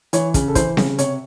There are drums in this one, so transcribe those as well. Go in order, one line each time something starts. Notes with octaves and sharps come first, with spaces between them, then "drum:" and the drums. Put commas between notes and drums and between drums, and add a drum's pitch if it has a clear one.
E3 C#5, drum: hi-hat
C#3, drum: kick, hi-hat
A4
E3 C5, drum: kick, hi-hat
C#3, drum: snare C4
C3 C#5, drum: hi-hat